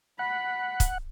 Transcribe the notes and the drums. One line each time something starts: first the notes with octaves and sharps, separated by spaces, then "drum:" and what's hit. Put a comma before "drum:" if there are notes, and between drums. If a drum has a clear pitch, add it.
F#5 B5
drum: kick, hi-hat